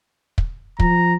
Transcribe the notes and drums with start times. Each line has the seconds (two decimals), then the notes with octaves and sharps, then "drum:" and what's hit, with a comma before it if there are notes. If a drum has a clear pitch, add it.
0.38 drum: kick
0.80 F3 A#5, drum: kick